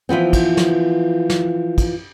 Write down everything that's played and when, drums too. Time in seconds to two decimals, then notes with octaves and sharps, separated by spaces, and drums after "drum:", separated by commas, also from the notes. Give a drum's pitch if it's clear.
0.09 E3 F3 B3 C4
0.33 drum: kick, cymbal
0.57 drum: snare
1.30 drum: snare
1.78 drum: kick, cymbal